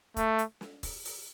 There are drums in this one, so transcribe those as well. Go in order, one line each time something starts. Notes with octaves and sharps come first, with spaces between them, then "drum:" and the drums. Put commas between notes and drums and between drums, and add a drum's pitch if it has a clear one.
A3, drum: kick E1, hi-hat
drum: hi-hat
drum: snare
drum: kick E1, open hi-hat
drum: open hi-hat